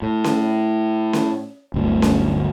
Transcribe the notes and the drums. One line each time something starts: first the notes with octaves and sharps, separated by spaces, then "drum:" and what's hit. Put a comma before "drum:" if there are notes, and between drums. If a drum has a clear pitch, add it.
A2
drum: snare C#4
drum: snare C#4
D1 G1 D2
drum: snare C#4